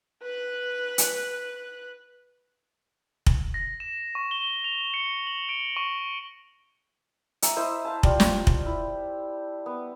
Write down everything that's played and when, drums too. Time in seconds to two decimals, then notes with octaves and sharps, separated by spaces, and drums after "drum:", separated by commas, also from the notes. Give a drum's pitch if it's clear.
0.22 B4 F#6
0.98 drum: hi-hat
3.26 drum: kick
3.54 A#6
3.80 E7
4.15 C#6
4.31 G7
4.64 F7
4.94 C#7
5.27 F#7
5.49 D7
5.76 C#6
7.42 E5 A#5 D#6, drum: hi-hat
7.56 E4 C5 D#5 E5
7.85 C5 F5 A5
8.03 G3 F4, drum: kick
8.20 drum: snare
8.47 drum: kick
8.66 E4
9.66 B3